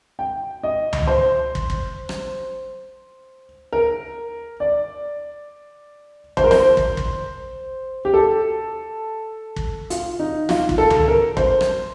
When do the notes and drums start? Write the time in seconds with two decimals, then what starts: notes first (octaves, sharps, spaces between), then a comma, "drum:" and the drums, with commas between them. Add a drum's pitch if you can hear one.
0.19 G5
0.64 D#5
0.93 drum: tom C#2
1.07 C5
1.55 drum: kick
1.70 drum: kick
2.09 drum: rim click
3.73 A#4
4.60 D5
6.37 C5, drum: kick
6.44 A#4
6.51 C5, drum: snare
6.77 drum: kick
6.97 drum: kick
8.05 G4
8.14 A4
9.56 drum: kick
9.90 F4, drum: hi-hat
10.19 D#4
10.49 F4, drum: snare
10.69 drum: kick
10.78 A4
10.90 drum: tom C#2
11.08 A#4
11.37 C5, drum: kick
11.61 drum: rim click